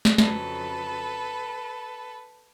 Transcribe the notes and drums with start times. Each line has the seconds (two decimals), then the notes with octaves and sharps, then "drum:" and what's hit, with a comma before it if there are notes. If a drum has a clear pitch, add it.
0.05 drum: snare
0.18 F2 C#3 F#3 A4 B4, drum: snare